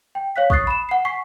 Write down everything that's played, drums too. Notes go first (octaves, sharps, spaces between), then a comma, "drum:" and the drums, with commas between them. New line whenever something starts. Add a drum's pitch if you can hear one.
G5
C#5 F5 F#6 B6
C#6 D#6 F#6 A6 C7, drum: kick
B5 E7
F#5 C7
G#5 C#6 B6 C7